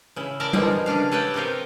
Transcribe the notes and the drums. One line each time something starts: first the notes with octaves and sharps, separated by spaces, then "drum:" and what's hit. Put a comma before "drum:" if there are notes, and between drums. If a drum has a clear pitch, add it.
C#3 E4
E4 A#4 D5 A5
B2 D3 F3 G3 G#3 A#3, drum: tom G3
C#3 C#4 D4 F5
A4 B4 C#5 D5 F#5 G5
C3 D#4 G4 A#4 F5